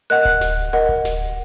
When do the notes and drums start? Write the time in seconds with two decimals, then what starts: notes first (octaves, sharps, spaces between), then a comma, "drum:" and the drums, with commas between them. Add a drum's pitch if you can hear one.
0.10 A#4 D#5 F#5 F#6
0.25 drum: kick D1
0.41 drum: snare
0.73 A#4 D#5 F#5
0.89 drum: kick D1
1.05 drum: snare